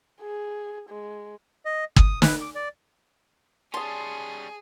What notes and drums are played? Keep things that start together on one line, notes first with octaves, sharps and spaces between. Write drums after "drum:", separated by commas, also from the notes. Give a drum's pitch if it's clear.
G#4
G#3
D#5
D#6, drum: kick
B4, drum: snare
D6
D5
G3 C#4 G#4 A5 C6 D#6